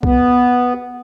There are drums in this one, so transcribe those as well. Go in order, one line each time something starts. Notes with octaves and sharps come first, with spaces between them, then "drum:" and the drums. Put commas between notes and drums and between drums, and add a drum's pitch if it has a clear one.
B3, drum: kick